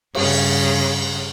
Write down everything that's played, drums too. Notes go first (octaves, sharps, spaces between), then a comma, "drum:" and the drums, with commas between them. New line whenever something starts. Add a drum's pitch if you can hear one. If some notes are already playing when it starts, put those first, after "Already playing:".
G2 C#3, drum: cymbal